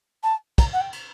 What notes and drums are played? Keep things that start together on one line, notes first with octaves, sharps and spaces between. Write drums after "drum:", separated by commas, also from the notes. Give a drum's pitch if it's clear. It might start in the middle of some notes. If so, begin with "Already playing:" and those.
A5
A#5, drum: kick, cymbal
F#5
G5
drum: cymbal